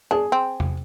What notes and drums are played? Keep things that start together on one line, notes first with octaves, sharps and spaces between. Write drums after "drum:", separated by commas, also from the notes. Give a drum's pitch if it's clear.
D4 G#4
C4
drum: tom E2